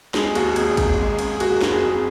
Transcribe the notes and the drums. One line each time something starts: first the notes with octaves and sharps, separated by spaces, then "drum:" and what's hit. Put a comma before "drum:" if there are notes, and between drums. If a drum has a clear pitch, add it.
G#3 G#4, drum: snare
D#2 F#4, drum: cymbal
G#1 G#4, drum: cymbal
G#1, drum: kick, cymbal
G#3
C#2, drum: cymbal
G#4
A#3 F#4, drum: cymbal
F#4
F#1 F#4, drum: snare
G#4
F2